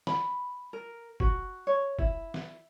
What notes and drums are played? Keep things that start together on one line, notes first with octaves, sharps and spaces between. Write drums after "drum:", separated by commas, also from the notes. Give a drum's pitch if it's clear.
B5, drum: snare
A#4
F#4, drum: kick F#1
C#5
E4, drum: kick F#1
drum: snare